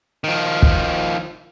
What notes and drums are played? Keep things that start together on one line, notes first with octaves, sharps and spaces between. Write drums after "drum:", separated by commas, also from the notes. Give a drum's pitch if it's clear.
D#3 F3
drum: kick